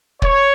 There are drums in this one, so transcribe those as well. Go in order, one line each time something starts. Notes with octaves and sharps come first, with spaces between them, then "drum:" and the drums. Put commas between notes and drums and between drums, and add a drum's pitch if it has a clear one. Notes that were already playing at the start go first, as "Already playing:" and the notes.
C#5, drum: kick